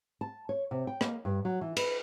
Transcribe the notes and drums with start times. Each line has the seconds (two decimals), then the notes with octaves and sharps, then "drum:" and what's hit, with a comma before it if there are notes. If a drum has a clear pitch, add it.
0.21 A5
0.49 C#5
0.71 C3
0.87 G5
1.01 A#3, drum: rim click
1.25 G2
1.45 F#3
1.61 E3
1.77 B4, drum: cymbal